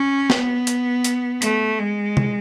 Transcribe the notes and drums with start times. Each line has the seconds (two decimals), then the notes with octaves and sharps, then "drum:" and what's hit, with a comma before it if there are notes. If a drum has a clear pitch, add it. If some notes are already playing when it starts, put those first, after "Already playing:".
Already playing: C#4
0.30 B3, drum: snare
0.67 drum: hi-hat
1.04 drum: hi-hat
1.42 A3, drum: hi-hat
1.79 G#3
2.17 drum: tom C3